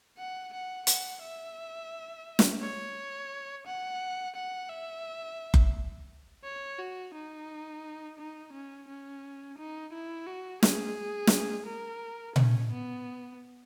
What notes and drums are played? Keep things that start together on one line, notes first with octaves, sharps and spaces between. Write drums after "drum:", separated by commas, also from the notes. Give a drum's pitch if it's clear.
F#5
F#5
F#5, drum: hi-hat
E5
drum: snare
C#5
F#5
F#5
E5
drum: kick F#1
C#5
F#4
D#4
D#4
C#4
C#4
D#4
E4
F#4
G#4, drum: snare
drum: snare
A#4
C#4, drum: tom A#2
B3